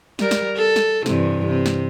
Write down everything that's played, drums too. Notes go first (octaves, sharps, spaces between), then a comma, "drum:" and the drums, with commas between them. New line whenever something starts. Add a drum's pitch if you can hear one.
G3 A#4, drum: snare
drum: snare
A4
drum: snare
G2 C3 E3, drum: snare
C3
drum: snare